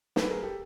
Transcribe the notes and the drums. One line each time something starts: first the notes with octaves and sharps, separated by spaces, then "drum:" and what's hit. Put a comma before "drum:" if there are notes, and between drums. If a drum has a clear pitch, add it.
A4 B4, drum: snare
G#4 A#4
G4 A4